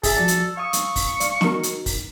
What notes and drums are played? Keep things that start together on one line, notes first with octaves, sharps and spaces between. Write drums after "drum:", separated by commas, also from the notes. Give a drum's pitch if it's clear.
G#4 A4 E5 A5, drum: kick, open hi-hat
F3 F#4 D5
drum: hi-hat
F5 C#6 D#6 E6
drum: hi-hat
drum: kick, open hi-hat
D5 F5, drum: hi-hat
D#4 F#4 A#4, drum: snare
drum: hi-hat
drum: kick, open hi-hat